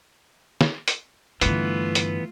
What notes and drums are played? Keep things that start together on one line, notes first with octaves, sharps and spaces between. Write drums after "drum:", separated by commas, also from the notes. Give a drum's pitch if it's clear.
drum: snare
drum: hi-hat
G2 D3 E3 A3 B3 F4, drum: hi-hat
drum: hi-hat